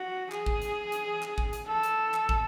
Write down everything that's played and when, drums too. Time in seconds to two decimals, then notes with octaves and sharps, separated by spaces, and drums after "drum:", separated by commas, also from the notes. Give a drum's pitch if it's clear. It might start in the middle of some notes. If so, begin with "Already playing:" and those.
Already playing: F#4
0.32 G#4, drum: clap
0.46 drum: kick
0.62 drum: hi-hat
0.92 drum: hi-hat
1.23 drum: clap
1.38 drum: kick
1.53 drum: hi-hat
1.68 A4
1.83 drum: hi-hat
2.14 drum: clap
2.29 drum: kick